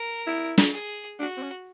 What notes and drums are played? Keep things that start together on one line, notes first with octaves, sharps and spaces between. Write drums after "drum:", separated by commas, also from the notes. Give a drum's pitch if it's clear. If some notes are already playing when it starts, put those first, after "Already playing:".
Already playing: A#4
E4
drum: snare
G#4
D4 F#4
C4
C#4